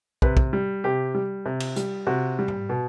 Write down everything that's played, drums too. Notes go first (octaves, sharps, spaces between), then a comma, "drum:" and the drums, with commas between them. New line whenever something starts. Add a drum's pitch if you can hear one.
C3 B4, drum: kick
drum: kick
G3
C3 G4
G3
C3
drum: cymbal
G3, drum: hi-hat
C3 F#4
G3
drum: tom G#2
B2